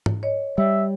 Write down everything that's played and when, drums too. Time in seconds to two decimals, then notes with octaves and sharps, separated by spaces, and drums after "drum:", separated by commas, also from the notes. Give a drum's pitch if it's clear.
0.06 drum: tom G#2
0.23 C#5 D#5
0.58 G3 C#5 E5